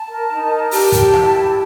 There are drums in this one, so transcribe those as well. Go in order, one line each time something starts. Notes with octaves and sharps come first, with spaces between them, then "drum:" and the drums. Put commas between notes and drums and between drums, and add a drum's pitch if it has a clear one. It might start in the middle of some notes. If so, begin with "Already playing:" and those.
Already playing: A5
A#4
D#4
A#4
G4 A5, drum: open hi-hat
G4, drum: kick, hi-hat
E4, drum: rim click
G4